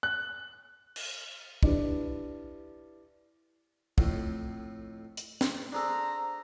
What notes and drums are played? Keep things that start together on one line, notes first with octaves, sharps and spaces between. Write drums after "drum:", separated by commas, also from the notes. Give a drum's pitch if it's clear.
F#6
drum: cymbal
D4 E4 G4 B4, drum: kick
F2 A2, drum: kick
drum: hi-hat
drum: snare
D4 G#4 A4 C5 A#5